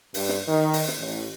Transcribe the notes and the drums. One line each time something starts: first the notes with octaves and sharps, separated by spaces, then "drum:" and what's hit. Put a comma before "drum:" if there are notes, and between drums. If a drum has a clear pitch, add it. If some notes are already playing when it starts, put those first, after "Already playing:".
G2, drum: open hi-hat
drum: snare
D#3
drum: open hi-hat
drum: snare
A1